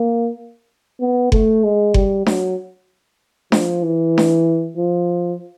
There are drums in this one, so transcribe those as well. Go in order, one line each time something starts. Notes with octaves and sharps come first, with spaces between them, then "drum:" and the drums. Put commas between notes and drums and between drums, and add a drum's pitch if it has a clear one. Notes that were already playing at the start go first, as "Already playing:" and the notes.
Already playing: A#3
B3
A3, drum: kick F#1
G#3
G3, drum: kick F#1
F#3, drum: snare D4
F3, drum: snare D4
E3
drum: snare D4
F3